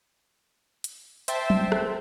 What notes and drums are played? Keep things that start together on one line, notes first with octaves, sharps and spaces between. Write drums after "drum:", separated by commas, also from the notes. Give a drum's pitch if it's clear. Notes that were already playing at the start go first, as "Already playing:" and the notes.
drum: hi-hat
C5 E5 G5 A5 C6, drum: hi-hat
drum: tom
drum: rim click